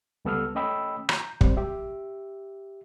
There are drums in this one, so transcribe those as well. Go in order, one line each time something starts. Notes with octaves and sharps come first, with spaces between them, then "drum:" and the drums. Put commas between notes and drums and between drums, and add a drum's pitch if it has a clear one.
C#2 G3 B3 A4 E6 F6
A3 C#4 D#5 G5 B5 E6
A#5 G6, drum: rim click
G3 C4, drum: kick
G4 E5